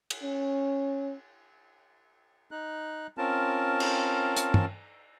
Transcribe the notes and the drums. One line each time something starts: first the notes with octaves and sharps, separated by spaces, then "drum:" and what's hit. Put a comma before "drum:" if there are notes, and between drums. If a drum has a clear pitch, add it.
drum: cymbal
C#4
D#4 F#6
C4 C#4 F4 A#4 A5
drum: cymbal
drum: hi-hat
drum: tom